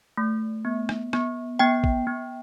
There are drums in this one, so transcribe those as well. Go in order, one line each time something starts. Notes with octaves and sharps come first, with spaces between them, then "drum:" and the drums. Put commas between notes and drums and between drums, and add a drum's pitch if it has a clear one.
A3
B3
drum: rim click
B3, drum: rim click
B3 G5
drum: kick
B3